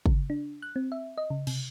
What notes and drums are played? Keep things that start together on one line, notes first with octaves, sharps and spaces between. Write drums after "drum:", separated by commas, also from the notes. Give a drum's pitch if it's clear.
C#3, drum: kick
D4
F#6
C4
E5
D#5
C#3
C3, drum: cymbal